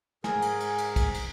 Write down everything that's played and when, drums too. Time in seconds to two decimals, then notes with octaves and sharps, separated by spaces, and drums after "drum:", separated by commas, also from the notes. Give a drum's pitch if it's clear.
0.24 G#2 G#4 A#4 G#5, drum: snare
0.42 drum: cymbal
0.60 drum: cymbal
0.78 drum: cymbal
0.96 drum: kick, cymbal
1.14 drum: cymbal